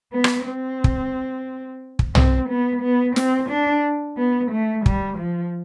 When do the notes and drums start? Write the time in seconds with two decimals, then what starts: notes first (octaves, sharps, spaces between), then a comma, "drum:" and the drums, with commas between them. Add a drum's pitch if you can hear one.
0.12 B3
0.24 drum: rim click
0.46 C4
0.84 drum: kick
1.99 drum: kick
2.15 C4, drum: tom
2.49 B3
2.82 B3
3.16 C4, drum: snare
3.50 D4
4.17 B3
4.52 A3
4.86 G3, drum: kick
5.18 F3